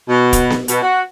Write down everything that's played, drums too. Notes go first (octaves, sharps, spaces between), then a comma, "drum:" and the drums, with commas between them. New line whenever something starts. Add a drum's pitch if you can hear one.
B2
drum: kick, hi-hat
drum: snare B3
B2, drum: hi-hat
F#4